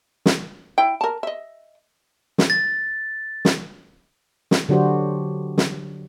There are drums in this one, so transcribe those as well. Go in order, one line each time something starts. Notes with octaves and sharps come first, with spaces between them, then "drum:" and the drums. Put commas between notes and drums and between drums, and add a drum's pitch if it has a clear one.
drum: snare
E4 G5
A#4 A5
D#5 E5
drum: snare
A6
drum: snare
drum: snare
D3 F#3 D4 F#4 G4 C5
drum: snare